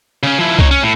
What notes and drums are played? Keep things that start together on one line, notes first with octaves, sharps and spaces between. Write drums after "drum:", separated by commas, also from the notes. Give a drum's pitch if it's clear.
C#3 C#4
F3 E4
D#4 C#5, drum: kick C2
C#4
A2